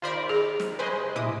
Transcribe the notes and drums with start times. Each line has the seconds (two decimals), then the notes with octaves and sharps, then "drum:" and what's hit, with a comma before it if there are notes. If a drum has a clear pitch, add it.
0.02 D#2 F4 A#4 C5 D5 B5
0.29 G#4
0.59 drum: snare
0.79 C3 G#3 B4 C5 D#5 G#5
1.16 E4 D6 D#6, drum: tom